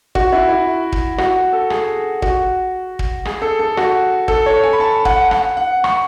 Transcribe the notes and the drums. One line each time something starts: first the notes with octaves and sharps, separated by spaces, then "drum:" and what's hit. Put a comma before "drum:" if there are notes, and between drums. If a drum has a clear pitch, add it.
F#4, drum: kick
E4
E4
drum: kick
F#4, drum: rim click
A4
G#4, drum: rim click
F#4, drum: kick
drum: kick
G#4, drum: rim click
A4
A4
F#4, drum: rim click
A4, drum: kick
C#5
G#5
B5
A5
F#5, drum: kick
F#5, drum: rim click
F#5
C#6, drum: rim click